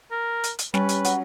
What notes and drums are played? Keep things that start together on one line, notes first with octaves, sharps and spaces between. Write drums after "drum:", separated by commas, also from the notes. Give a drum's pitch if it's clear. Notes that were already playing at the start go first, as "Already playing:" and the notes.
A#4
drum: hi-hat
drum: hi-hat
G3 C#4 B4, drum: snare
drum: hi-hat
F#3, drum: hi-hat